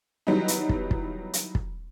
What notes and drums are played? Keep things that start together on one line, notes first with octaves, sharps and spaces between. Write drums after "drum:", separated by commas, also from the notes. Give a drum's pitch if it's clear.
D#3 E3 F#3 G3 B3 D#4
drum: hi-hat
drum: kick
drum: kick
drum: hi-hat
drum: kick